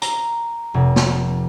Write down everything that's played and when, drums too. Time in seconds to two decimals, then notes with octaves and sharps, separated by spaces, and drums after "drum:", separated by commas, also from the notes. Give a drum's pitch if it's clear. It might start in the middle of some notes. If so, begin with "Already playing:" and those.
0.02 A#5, drum: hi-hat
0.74 F1
0.96 drum: snare